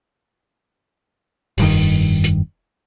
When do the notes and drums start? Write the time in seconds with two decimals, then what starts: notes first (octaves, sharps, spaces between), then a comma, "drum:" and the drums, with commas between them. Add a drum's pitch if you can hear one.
1.58 F1 G2 D#3, drum: open hi-hat
2.24 drum: hi-hat